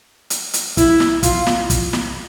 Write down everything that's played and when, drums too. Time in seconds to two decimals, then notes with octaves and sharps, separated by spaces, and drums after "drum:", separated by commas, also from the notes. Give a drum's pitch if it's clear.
0.30 drum: hi-hat
0.53 drum: hi-hat
0.77 E4, drum: kick, hi-hat
1.00 drum: snare
1.23 F4, drum: kick, hi-hat
1.46 drum: snare
1.70 drum: kick, hi-hat
1.93 drum: snare